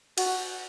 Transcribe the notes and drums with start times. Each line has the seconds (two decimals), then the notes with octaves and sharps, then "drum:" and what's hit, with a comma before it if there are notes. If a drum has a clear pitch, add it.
0.18 F#4, drum: cymbal